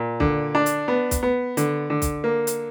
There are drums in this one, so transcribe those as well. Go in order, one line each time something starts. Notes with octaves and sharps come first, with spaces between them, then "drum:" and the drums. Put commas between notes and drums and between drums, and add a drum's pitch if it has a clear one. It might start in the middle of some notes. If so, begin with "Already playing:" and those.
Already playing: A#2
D3, drum: kick
D4
drum: hi-hat
B3
drum: kick, hi-hat
B3
D3, drum: hi-hat
D3
drum: kick, hi-hat
A#3
drum: hi-hat